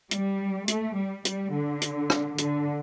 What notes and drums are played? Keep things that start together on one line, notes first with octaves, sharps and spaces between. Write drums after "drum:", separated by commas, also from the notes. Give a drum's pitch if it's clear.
G3, drum: hi-hat
A3, drum: hi-hat
G3
G3, drum: hi-hat
D3
drum: hi-hat
drum: rim click
D3, drum: hi-hat